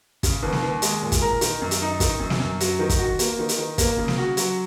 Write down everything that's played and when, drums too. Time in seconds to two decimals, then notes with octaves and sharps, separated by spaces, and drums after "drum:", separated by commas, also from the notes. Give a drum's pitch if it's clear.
0.23 C#3, drum: kick, hi-hat
0.43 D#2
0.52 drum: snare
0.62 D#2
0.82 G#3, drum: hi-hat
1.02 A#2
1.12 drum: kick, hi-hat
1.22 A#4
1.41 D#3, drum: hi-hat
1.62 F#2
1.71 drum: hi-hat
1.81 D#4
2.00 D#3, drum: kick, hi-hat
2.20 F#2
2.30 drum: snare
2.40 F#2
2.60 F#3, drum: hi-hat
2.79 D#3
2.89 drum: kick, hi-hat
2.99 F#4
3.19 A#3, drum: hi-hat
3.39 D#3
3.49 drum: hi-hat
3.58 D#3
3.78 A#3, drum: kick, hi-hat
3.98 C#3
4.08 drum: snare
4.18 F#4
4.37 F#3, drum: hi-hat